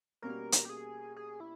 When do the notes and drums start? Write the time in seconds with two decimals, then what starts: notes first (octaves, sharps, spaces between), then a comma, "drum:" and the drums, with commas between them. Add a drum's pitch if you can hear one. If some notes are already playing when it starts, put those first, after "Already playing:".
0.22 B2 G3 A#3 C#4 A#4
0.52 drum: hi-hat
0.65 G4
0.70 G#4
1.16 G#4
1.40 E4